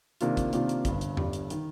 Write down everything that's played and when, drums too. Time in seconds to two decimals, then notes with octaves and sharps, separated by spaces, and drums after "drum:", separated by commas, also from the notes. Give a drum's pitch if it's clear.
0.21 C3 D#3 A#3 D4 F4, drum: hi-hat
0.37 drum: kick, hi-hat
0.53 C3 D#3 A#3 D4 F4, drum: hi-hat
0.69 drum: hi-hat
0.85 G1 G2 D3 G3, drum: kick, hi-hat
1.01 drum: hi-hat
1.17 G1 G2 D3 G3, drum: tom E2
1.33 drum: hi-hat
1.50 D#3, drum: hi-hat